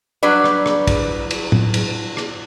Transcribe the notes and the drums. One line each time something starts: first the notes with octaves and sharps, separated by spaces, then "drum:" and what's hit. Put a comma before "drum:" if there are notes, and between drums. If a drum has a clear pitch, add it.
F#3 G3 D4 B4
drum: rim click
drum: rim click
drum: kick, cymbal
drum: cymbal
drum: tom
drum: cymbal
drum: rim click